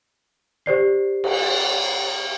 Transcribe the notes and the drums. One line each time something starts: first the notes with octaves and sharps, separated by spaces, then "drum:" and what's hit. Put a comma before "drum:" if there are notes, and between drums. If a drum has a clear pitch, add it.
G4 C5 D5 C7
drum: cymbal